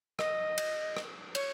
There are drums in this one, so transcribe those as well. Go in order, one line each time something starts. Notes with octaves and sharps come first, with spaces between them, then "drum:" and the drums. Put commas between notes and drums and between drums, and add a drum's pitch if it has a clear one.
D#5, drum: rim click
drum: cymbal
drum: rim click
C#5, drum: cymbal